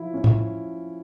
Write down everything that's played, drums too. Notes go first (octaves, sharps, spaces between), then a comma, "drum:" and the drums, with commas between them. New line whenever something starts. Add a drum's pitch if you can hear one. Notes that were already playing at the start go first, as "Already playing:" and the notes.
Already playing: F3 E4
C#4
drum: tom A2